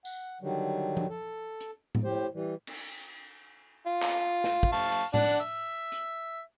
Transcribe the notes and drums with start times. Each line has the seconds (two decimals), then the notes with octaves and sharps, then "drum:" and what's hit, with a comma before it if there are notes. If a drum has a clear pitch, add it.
0.05 F#5, drum: tambourine
0.41 D3 D#3 F#3 G3
0.97 drum: tom F3
1.10 A4
1.61 drum: hi-hat
1.95 drum: tom A2
2.04 A2 G4 C5
2.34 E3 G3
2.67 drum: cymbal
3.86 F4
4.02 drum: clap
4.44 drum: snare
4.63 drum: kick
4.72 F5 A5 C#6
4.92 drum: open hi-hat
5.14 D4 F#5, drum: tom A2
5.40 E5
5.92 drum: hi-hat